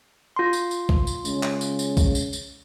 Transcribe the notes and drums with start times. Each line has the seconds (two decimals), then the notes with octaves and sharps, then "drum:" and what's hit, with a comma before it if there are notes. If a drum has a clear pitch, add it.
0.36 F4 C6
0.53 drum: tambourine
0.71 drum: tambourine
0.89 drum: kick A#1
1.07 drum: tambourine
1.25 C#3 G#3 C#4, drum: tambourine
1.43 drum: clap
1.61 drum: tambourine
1.79 drum: tambourine
1.97 drum: kick A#1, tambourine
2.15 drum: tambourine
2.33 drum: tambourine